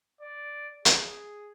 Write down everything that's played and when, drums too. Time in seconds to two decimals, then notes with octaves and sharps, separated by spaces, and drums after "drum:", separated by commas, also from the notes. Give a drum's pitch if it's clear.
0.21 D5
0.85 G#4, drum: hi-hat